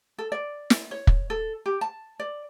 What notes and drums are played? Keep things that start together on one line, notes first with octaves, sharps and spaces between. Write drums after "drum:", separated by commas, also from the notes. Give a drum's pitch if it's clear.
A4
D5
drum: snare
C#5
drum: kick
A4
G4
A5
D5